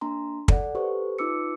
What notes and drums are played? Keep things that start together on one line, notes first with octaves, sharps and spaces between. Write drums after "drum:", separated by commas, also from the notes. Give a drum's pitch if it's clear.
A#3 D4 A#5 C6
A4 D5 F#5, drum: kick
G4 A4 B4 C5 C#6
D#4 F4 B4 D6 E6 C#7